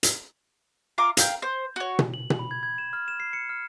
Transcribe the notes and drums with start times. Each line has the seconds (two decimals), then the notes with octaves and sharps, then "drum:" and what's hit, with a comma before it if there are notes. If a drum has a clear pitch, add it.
0.03 drum: hi-hat
0.98 F4 F5 A#5 D6
1.17 A#4 F5 G5 A#5, drum: hi-hat
1.42 C5
1.76 F#4 C#5
1.99 drum: tom B2
2.14 F#7
2.30 drum: tom B2
2.39 B5
2.51 G#6
2.63 G#6
2.78 E7
2.93 F6
3.08 E7
3.20 C7
3.33 C#7
3.49 F6